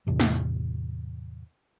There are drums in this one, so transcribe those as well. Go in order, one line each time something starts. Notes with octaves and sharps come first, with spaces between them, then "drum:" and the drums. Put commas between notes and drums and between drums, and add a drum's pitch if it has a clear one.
E2 A2 C3 E3
drum: snare